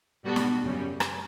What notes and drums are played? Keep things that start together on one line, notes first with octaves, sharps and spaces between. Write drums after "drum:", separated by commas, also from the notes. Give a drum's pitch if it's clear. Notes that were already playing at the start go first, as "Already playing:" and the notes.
B2 G3 B3 F#4 A4
drum: snare
F#2 C#3 G3 C#4
drum: rim click